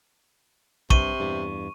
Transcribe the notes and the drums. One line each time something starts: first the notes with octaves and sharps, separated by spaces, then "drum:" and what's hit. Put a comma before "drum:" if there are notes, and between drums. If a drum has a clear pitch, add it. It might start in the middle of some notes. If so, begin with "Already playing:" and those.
G2 C3 C#6 D#7, drum: kick
E2 G2